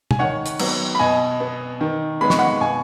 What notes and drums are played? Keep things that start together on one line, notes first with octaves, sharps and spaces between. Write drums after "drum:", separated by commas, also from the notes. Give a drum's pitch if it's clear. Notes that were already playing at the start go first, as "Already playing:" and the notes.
G#5, drum: tom
D#3 C#5 F#5
drum: hi-hat
F#3 B3, drum: cymbal
B5
B2 D#5 G#5
B3
D#3
G#3 B3 B5
C#6, drum: snare
F#5 B5
B2 G#5 C#6